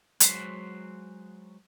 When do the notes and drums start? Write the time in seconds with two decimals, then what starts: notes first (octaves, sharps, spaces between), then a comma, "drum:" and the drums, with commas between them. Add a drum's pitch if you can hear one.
0.20 F#3 G#3 F#4 B4 C5, drum: hi-hat